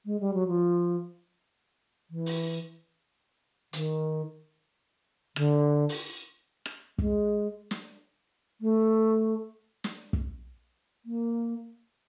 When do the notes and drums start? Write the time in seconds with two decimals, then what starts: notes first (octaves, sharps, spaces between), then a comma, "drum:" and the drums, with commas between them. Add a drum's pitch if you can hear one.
0.06 G#3
0.20 G3
0.34 F#3
0.48 F3
2.10 E3
2.26 drum: open hi-hat
3.73 D#3, drum: hi-hat
5.36 D3, drum: rim click
5.89 drum: open hi-hat
6.66 drum: rim click
6.98 G#3, drum: kick
7.71 drum: snare
8.61 A3
9.84 drum: snare
10.13 drum: kick
11.05 A#3